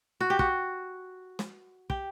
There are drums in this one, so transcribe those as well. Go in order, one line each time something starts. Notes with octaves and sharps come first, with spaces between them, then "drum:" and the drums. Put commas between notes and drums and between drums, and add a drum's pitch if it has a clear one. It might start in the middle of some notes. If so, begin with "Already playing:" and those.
F#4
G4
F#4, drum: kick
drum: snare
G4, drum: kick